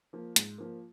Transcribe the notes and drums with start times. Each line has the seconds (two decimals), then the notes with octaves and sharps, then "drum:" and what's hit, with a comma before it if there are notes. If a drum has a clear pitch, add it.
0.13 F3 A#3
0.36 G#2, drum: hi-hat
0.58 F3 A#3